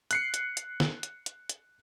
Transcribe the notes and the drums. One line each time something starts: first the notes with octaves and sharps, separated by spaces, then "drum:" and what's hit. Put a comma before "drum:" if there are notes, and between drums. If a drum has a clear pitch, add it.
F#6 C7 C#7, drum: hi-hat
drum: hi-hat
drum: hi-hat
drum: snare
drum: hi-hat
drum: hi-hat
drum: hi-hat